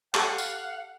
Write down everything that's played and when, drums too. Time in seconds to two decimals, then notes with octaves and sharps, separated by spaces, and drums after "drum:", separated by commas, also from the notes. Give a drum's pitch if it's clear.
0.15 G4 A4 F5 F#5, drum: clap
0.38 drum: tambourine